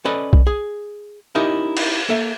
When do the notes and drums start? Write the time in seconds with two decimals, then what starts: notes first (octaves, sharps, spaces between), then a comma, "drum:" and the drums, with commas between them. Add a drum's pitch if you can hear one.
0.05 C#4 A4 B4 D5 D#5
0.33 drum: kick B1
0.47 G#4
1.35 C#4 D#4 E4 G4 A#4 D#5
1.77 drum: cymbal
2.09 A#3 A4 E5